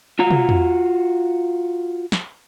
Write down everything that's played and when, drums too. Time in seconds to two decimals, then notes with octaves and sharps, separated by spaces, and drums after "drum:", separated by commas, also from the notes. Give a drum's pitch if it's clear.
0.19 F4 F#4 A#5
0.30 drum: tom
0.49 drum: tom
2.12 drum: snare